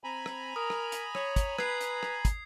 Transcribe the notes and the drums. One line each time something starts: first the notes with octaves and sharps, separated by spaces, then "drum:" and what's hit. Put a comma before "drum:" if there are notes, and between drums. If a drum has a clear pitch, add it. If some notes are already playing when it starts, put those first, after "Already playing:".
C4 G#5 A#5 B5
drum: rim click
A#4 D#6
drum: rim click
drum: hi-hat
C#5, drum: rim click
drum: kick, hi-hat
B4 G#6 C7, drum: rim click
drum: hi-hat
drum: rim click
drum: kick, hi-hat